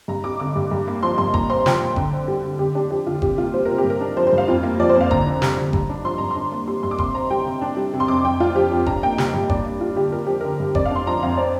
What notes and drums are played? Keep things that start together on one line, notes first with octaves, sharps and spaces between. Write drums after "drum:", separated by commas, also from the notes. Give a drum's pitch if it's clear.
G2 A#5
G3 D6
D3 D6
G2
G2
A#3
F3 C6
G2 C6
A#2 A#5, drum: kick F#1
C4 C6
F3 G5, drum: snare
A#2
D3, drum: kick F#1
C4
G3
D3
D3 G4
D4 G4
F3 G4
D3 F4
C3 G4, drum: kick F#1
A#3 F4
G3 C5
C3 A#4
G4
G2
A#4
D4
F3 C5
C5
G2
F5
F2 F4
A#3
F3 D5
C5
F2
F5
D3 A#5, drum: kick F#1
D4
G3, drum: snare
D3
G2, drum: kick F#1
D4
F3 C6
G2 A#5
C6
D4
A#3
G3 C6
G2 C6
D6
C3 C6, drum: kick F#1
C4 A#5
G3 G5
C3
D4
G3
C3
C6
F2 D6
F2 G5
D4 F4
F3 G4
F2
D4 A#5, drum: kick F#1
A#3 G5
G3 G5, drum: snare
G2
D4 D5, drum: kick F#1
A#3
G3 F4
D3 G4
D4 A#4
F3 G4
D3 A#4
G2
F2 D5, drum: kick F#1
F5
D4 C6
F3 A#5
F2 F5
C4 D5